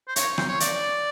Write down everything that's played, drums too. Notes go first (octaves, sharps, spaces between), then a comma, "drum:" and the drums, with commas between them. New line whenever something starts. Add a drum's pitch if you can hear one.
C5
C#5, drum: hi-hat
C5, drum: rim click
C#5
D5, drum: hi-hat